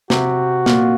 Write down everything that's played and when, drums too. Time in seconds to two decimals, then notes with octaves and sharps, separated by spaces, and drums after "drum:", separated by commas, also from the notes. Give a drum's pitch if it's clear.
0.10 C3 F#4, drum: snare
0.66 A#2, drum: snare